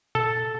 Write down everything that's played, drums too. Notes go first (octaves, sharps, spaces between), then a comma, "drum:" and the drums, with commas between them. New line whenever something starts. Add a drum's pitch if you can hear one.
A4, drum: tom A#2